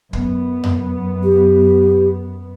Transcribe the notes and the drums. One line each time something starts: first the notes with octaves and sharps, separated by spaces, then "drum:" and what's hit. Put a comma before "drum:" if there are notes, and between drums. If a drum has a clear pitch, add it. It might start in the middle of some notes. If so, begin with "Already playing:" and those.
F#2 B3, drum: kick
drum: tom F2
G4